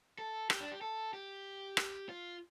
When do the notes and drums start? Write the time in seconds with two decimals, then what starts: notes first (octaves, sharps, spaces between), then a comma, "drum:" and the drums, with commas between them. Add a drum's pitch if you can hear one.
0.18 A4
0.50 G4, drum: rim click
0.60 D4
0.71 G4
0.81 A4
1.13 G4
1.77 drum: rim click
2.09 F4